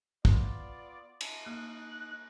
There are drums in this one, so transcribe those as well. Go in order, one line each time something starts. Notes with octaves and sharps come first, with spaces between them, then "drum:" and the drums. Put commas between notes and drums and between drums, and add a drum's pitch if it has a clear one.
B3 F4 D5, drum: kick
drum: cymbal
A#3 D#4 F#6